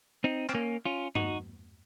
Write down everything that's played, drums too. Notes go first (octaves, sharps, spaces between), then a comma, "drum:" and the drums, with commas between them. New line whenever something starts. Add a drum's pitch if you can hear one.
C4 D#4
C4, drum: clap
A#3 C#4
C#4 F4
D#4 F#4, drum: tom G2